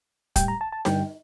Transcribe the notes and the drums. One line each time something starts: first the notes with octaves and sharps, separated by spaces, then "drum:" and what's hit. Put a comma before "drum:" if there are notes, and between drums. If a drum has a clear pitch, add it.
A2 G3 G5, drum: kick, hi-hat
A#5
A5
A5
G2 D3 G3 G5, drum: snare D#4